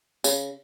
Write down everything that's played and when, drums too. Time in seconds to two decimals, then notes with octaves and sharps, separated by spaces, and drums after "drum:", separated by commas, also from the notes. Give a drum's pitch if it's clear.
0.24 C#3, drum: tambourine